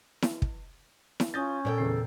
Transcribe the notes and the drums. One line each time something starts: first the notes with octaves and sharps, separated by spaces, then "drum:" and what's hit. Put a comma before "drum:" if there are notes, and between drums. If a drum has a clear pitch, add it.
drum: snare E4
drum: kick
drum: snare E4
C#4 F4 D#6 G6 A6
A#2 A4 C#5 G5
E2 C#3 C7